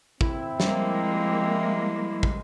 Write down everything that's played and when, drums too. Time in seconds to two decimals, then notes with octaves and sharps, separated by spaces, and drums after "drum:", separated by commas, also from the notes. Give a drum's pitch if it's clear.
0.21 C4 E4, drum: kick
0.60 F3 G3 G#3 A#3, drum: snare
2.23 drum: kick